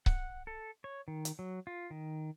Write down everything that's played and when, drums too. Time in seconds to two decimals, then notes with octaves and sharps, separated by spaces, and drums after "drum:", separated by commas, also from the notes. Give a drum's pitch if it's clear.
0.06 F#5, drum: kick C#1
0.47 A4
0.84 C#5
1.08 D#3
1.25 drum: hi-hat
1.39 F#3
1.67 F4
1.90 D#3